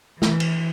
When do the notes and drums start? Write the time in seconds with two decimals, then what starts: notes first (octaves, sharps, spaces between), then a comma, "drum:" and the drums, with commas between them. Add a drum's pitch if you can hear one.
0.22 E3, drum: snare
0.40 drum: cymbal